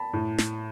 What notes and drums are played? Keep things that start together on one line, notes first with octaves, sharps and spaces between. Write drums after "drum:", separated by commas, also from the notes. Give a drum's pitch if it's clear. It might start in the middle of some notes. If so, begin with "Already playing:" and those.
Already playing: A5 B5
A2
drum: snare